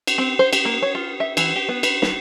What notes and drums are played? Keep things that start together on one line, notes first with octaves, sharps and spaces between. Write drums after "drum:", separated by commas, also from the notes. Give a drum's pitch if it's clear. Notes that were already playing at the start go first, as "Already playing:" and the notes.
drum: cymbal
C4
C5
G4, drum: cymbal
A#3
C#5
F4
E5
E3, drum: cymbal
G4
B3
B4, drum: cymbal
B4, drum: snare